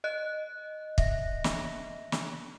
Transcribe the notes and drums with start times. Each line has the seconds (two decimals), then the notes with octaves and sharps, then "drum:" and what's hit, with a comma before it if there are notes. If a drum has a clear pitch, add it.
0.04 D#5 F#6
0.98 E5 A#6, drum: kick
1.44 drum: snare
2.12 drum: snare